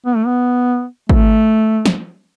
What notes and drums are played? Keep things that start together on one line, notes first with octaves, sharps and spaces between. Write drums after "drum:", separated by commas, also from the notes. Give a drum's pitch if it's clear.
B3
A3
B3
A3, drum: kick G#1
drum: snare